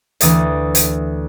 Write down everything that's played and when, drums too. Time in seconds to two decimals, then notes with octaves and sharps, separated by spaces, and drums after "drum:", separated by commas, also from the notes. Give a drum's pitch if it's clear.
0.21 D2 E3 D#6 A6, drum: hi-hat
0.75 drum: hi-hat